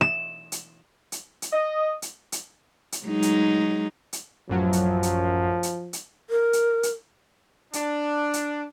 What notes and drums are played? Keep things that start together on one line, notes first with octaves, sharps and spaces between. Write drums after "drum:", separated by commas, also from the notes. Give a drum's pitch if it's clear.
E7
drum: hi-hat
drum: hi-hat
drum: hi-hat
D#5
drum: hi-hat
drum: hi-hat
drum: hi-hat
F#3 G#3 D#4
drum: hi-hat
drum: hi-hat
A1 F#2 F3 F#3
drum: hi-hat
drum: hi-hat
drum: hi-hat
drum: hi-hat
A#4
drum: hi-hat
drum: hi-hat
D4, drum: hi-hat
drum: hi-hat